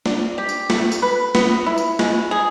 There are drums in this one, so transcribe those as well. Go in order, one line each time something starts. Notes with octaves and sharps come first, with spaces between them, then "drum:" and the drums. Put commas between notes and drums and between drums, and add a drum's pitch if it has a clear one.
D4, drum: snare
G4
drum: tambourine
A3, drum: snare
drum: tambourine
B4
B3, drum: snare
E4
drum: tambourine
G#3, drum: snare
G#4